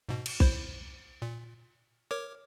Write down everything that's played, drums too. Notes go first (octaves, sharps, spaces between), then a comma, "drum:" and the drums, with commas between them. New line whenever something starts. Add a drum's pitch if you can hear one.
G#2 B2
drum: cymbal
E4 C5, drum: kick
A#2
A#4 C#5 D6